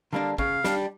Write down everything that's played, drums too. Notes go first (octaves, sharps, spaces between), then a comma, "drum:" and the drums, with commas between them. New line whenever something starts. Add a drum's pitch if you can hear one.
D3 G3 A#3 D4 F5
C#3 F5, drum: kick
G3 D4, drum: snare